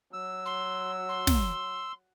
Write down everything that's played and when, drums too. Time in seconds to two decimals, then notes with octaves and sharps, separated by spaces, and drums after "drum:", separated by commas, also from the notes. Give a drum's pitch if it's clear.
0.13 F#3 E6
0.45 C6
1.08 C6
1.27 drum: snare